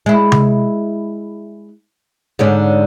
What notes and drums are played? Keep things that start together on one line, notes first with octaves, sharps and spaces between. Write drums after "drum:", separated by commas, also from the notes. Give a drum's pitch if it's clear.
G#3 E4
drum: tom C3
G#2 D3 C#4